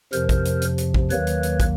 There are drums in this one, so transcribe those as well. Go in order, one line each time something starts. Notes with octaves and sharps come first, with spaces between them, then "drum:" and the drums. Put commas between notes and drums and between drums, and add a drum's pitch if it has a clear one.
F2 C3 F3 A#4 C5, drum: hi-hat
drum: kick, hi-hat
drum: hi-hat
drum: hi-hat
drum: hi-hat
drum: kick
D#2 D#3 F#3 A#3 B4 C#5, drum: hi-hat
drum: hi-hat
drum: hi-hat
drum: kick, hi-hat